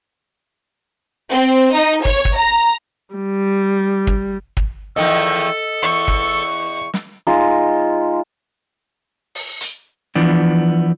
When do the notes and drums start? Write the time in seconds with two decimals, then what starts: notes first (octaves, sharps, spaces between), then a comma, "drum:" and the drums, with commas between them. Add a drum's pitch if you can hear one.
1.31 C4
1.73 D#4
2.05 C#5, drum: kick
2.25 drum: kick
2.36 A#5
3.15 G3
4.07 drum: kick
4.57 drum: kick
4.96 E2 D#3 F3 A4 D#5
5.83 E2 C#6
6.08 drum: kick
6.94 drum: snare
7.27 G#3 D#4 F4
9.35 drum: open hi-hat
9.61 drum: hi-hat
10.15 E3 F3 B3 D4